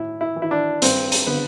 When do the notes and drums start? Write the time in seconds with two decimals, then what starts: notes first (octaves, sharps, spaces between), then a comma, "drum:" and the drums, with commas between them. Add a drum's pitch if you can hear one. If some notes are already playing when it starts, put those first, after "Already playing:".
Already playing: A2 E4
0.21 E4
0.36 E3
0.42 E4
0.51 D4
0.82 G2 C4, drum: hi-hat
1.12 drum: hi-hat
1.27 D3 B3